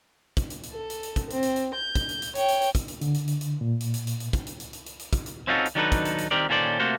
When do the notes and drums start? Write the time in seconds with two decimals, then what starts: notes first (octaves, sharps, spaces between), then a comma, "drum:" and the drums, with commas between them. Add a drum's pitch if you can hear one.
0.37 drum: kick, hi-hat
0.50 drum: hi-hat
0.63 drum: hi-hat
0.73 A4
0.90 drum: hi-hat
1.03 drum: hi-hat
1.16 drum: kick, hi-hat
1.30 C4, drum: hi-hat
1.43 drum: hi-hat
1.56 drum: hi-hat
1.74 G6
1.95 drum: kick, hi-hat
2.09 drum: hi-hat
2.22 drum: hi-hat
2.35 C#5 G5, drum: hi-hat
2.48 drum: hi-hat
2.62 drum: hi-hat
2.75 drum: kick, hi-hat
2.88 drum: hi-hat
3.01 D3, drum: hi-hat
3.14 drum: hi-hat
3.28 drum: hi-hat
3.41 drum: hi-hat
3.61 A#2
3.80 drum: hi-hat
3.94 drum: hi-hat
4.07 drum: hi-hat
4.20 drum: hi-hat
4.33 drum: kick, hi-hat
4.47 drum: hi-hat
4.60 drum: hi-hat
4.73 drum: hi-hat
4.86 drum: hi-hat
4.99 drum: hi-hat
5.13 drum: kick, hi-hat
5.26 drum: hi-hat
5.47 C4 C#4 D#4 F4 F#4 A4
5.65 drum: hi-hat
5.75 D#3 F#3 D4 D#4 A4 B4
5.92 drum: kick, hi-hat
6.05 drum: hi-hat
6.18 drum: hi-hat
6.31 D#3 C4 G4 A#4 D5
6.49 A#2 D#3 C#4 A4 C5 D5
6.80 C3 A3 A#3 F#4 A4 C5